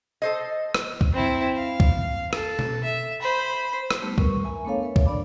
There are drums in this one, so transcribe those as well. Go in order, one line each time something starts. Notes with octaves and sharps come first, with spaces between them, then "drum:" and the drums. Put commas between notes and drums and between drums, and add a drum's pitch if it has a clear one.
A4 C5 D#5
drum: rim click
drum: kick
C4 E4
F5
drum: kick
A4, drum: rim click
drum: tom B2
E5
C5 B5
drum: rim click
G3 A3 B3 D#4 G4
G3 A#4 B4 C#6, drum: kick
A#4 E5 G#5 A#5
A3 B3 D4 A4 C#5 F5
A#4 B4 C#5 E5
drum: kick
D4 D5 F5 B5 D6